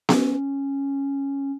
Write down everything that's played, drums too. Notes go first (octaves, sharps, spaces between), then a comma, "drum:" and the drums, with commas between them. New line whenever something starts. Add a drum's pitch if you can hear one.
C#4, drum: snare B3